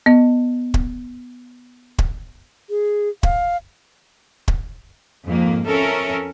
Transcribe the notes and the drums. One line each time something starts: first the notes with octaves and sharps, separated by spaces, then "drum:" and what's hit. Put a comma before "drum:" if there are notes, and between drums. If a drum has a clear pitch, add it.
B3 D#5
drum: kick
drum: kick
G#4
F5, drum: kick
drum: kick
F2 G#2 A#3
F2 C#4 A4 A#4 E5